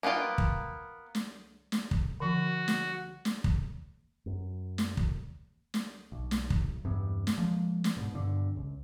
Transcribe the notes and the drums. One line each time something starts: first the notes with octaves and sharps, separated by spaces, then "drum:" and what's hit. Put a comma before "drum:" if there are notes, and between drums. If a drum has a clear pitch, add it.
A#3 B3 D4 F4 G5
drum: kick
drum: snare
drum: snare
drum: kick
D3 F3 F#4
drum: snare
drum: snare
drum: kick
F#2
drum: snare
drum: kick
drum: snare
B1
drum: snare
drum: kick
E2 G2 C3 B3
drum: snare
F3 G#3 A#3
drum: snare
G#2 B2
G2 B2 D3
C#2